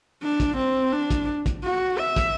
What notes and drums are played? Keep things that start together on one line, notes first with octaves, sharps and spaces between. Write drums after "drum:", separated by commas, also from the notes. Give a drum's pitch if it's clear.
D4
drum: kick, hi-hat
C4
D4
drum: kick, hi-hat
drum: kick, hi-hat
F#4
E5
drum: kick, hi-hat